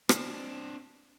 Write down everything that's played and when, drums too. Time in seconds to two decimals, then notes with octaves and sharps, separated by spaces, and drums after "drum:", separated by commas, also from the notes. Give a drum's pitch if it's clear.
0.09 C4 D4, drum: rim click